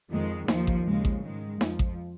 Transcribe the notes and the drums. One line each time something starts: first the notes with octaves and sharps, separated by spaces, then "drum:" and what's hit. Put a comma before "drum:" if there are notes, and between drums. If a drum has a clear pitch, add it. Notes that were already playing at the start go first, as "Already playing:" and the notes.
F2 D#3 G#3
D#2 D#3 F3, drum: snare D#4
drum: kick A1
D#2 C#3 F3 G#3
drum: kick A1
G#2 D#3 G#3
F2 F3, drum: snare D#4
drum: kick A1